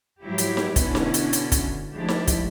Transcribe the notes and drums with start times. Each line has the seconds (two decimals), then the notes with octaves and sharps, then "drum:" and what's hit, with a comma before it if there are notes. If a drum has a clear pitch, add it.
0.23 G#2 F3 F#3 E4 G4
0.38 drum: hi-hat
0.57 drum: snare D#4
0.76 B2 D3 B3 C#4 D4 E4, drum: kick, hi-hat
0.95 drum: snare D#4
1.14 drum: hi-hat
1.33 drum: hi-hat
1.52 drum: kick, hi-hat
1.93 F3 G#3 A3 D4 E4 G4
2.08 drum: snare D#4
2.27 drum: kick, hi-hat